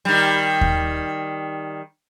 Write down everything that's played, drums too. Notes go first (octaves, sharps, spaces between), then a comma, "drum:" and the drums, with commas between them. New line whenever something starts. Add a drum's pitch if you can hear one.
D#3 G3
drum: kick D#2